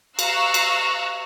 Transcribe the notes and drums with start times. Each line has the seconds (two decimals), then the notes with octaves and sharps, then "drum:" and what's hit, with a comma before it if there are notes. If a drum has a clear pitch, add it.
0.19 F5 A#5 C#6 E6 F#6, drum: cymbal
0.54 drum: cymbal